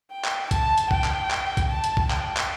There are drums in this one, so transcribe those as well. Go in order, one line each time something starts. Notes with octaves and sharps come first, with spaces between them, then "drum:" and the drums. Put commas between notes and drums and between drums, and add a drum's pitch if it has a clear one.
G5
drum: clap
A5, drum: kick, hi-hat
drum: hi-hat
G5, drum: kick
drum: clap
drum: clap
drum: kick, hi-hat
A5
drum: hi-hat
drum: kick
G5, drum: clap
drum: clap